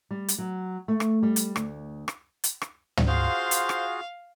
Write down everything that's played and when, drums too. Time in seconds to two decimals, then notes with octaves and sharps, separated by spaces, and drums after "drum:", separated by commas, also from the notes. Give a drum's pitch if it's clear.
0.11 G3
0.28 drum: hi-hat
0.38 F#3
0.88 A3
1.00 drum: rim click
1.23 G3
1.36 drum: hi-hat
1.56 D2, drum: rim click
2.08 drum: rim click
2.44 drum: hi-hat
2.62 drum: rim click
2.97 drum: tom
3.07 F4 F#4 G#4 C5 F5 C6
3.51 drum: hi-hat
3.69 drum: rim click